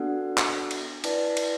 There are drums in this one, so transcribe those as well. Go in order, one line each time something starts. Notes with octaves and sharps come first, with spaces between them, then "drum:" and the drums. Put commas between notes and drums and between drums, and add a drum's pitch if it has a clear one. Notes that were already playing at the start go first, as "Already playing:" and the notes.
Already playing: B3 D4 F#4 A4 F#5
drum: clap
drum: cymbal
E4 B4 D5 A5, drum: cymbal
drum: cymbal